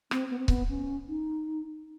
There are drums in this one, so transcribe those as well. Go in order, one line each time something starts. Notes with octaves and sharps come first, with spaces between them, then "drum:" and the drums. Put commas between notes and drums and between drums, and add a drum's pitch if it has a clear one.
C4, drum: rim click
B3
C4
B3, drum: kick C#1
C#4
D#4